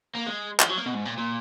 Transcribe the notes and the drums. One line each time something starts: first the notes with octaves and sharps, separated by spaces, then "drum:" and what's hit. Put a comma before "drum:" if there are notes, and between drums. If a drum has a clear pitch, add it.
A#3
G#3
F3, drum: clap
F#3
A#3
B2
G#2
A#2
A#2